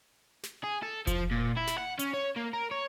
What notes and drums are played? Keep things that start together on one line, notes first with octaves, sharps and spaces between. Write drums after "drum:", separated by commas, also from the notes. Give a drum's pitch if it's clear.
drum: snare
G#4
A4
F3, drum: kick F1, hi-hat
A#2
E4
drum: snare
F#5
C#4, drum: hi-hat
C#5
A#3
A#4
C#5